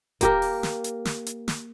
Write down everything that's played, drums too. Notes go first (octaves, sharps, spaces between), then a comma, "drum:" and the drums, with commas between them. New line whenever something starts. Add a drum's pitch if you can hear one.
A#3 G4 A#4, drum: kick D#1, hi-hat
drum: open hi-hat
drum: snare
drum: hi-hat
drum: snare
drum: hi-hat
drum: snare